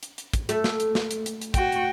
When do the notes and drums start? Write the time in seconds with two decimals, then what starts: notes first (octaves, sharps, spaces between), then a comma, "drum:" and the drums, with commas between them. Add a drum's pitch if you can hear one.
0.03 drum: hi-hat
0.18 drum: hi-hat
0.33 drum: kick, hi-hat
0.49 A3, drum: hi-hat
0.64 drum: snare
0.80 drum: hi-hat
0.95 drum: snare
1.11 drum: hi-hat
1.26 drum: hi-hat
1.41 drum: hi-hat
1.54 F#4 G5, drum: kick, hi-hat
1.72 drum: hi-hat